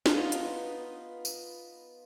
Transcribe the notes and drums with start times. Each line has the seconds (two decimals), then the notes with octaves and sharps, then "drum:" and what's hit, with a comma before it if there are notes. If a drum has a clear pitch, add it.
0.06 B3 D#4 F4, drum: snare
0.32 drum: hi-hat
1.25 drum: tambourine